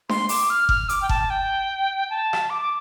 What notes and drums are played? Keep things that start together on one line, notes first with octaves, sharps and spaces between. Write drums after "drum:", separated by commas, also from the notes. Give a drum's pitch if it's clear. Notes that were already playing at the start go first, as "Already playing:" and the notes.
C6, drum: snare D4
D6, drum: open hi-hat
F6
F6, drum: kick F#1
D6, drum: hi-hat
G5
A5, drum: kick F#1
G5
A5
drum: rim click
D6
D6